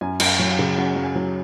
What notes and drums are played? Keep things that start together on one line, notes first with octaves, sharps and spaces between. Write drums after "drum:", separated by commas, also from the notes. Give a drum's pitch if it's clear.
F#2 G#5
F#2, drum: cymbal
F5
F#3
F5
C#3
F#2 F#5
F#2
G#5
F#3